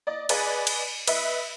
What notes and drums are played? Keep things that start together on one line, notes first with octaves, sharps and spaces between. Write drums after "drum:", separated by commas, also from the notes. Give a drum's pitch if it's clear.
D5 D#5
G#4 B4 D5 D#5 G#5, drum: cymbal
drum: cymbal
B4 D#5 E5, drum: cymbal